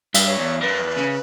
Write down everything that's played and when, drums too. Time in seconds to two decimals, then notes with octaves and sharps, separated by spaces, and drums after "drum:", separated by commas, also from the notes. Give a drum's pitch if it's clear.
0.14 G2, drum: cymbal
0.26 C#5
0.39 E2
0.61 F#2 B4
0.79 E2
0.97 C#3